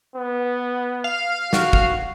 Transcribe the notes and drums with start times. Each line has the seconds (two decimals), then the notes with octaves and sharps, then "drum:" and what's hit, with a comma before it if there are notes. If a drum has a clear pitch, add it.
0.16 B3
1.04 F5
1.53 F#4, drum: snare
1.73 drum: kick